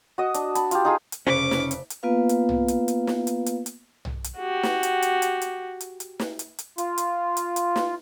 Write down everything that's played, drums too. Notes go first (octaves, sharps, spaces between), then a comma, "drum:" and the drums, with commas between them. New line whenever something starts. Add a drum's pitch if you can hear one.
F#4 D#5
D4, drum: hi-hat
A5 B5, drum: hi-hat
F4 G4, drum: hi-hat
D#4 F4 G#4
drum: hi-hat
F1 C#3 C#4 C5 D6 B6
drum: snare
drum: hi-hat
drum: hi-hat
A#3 B3 F4 B4 F5
drum: hi-hat
drum: tom B1
drum: hi-hat
drum: hi-hat
drum: snare
drum: hi-hat
drum: hi-hat
drum: hi-hat
drum: tom B1
drum: hi-hat
F#4 G4
drum: snare
drum: hi-hat
drum: hi-hat
drum: hi-hat
drum: hi-hat
drum: hi-hat
drum: hi-hat
drum: snare
drum: hi-hat
drum: hi-hat
F4, drum: hi-hat
drum: hi-hat
drum: hi-hat
drum: hi-hat
drum: snare